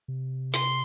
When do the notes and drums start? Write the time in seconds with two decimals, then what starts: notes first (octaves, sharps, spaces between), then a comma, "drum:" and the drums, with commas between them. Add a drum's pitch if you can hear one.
0.08 C3
0.54 C6, drum: hi-hat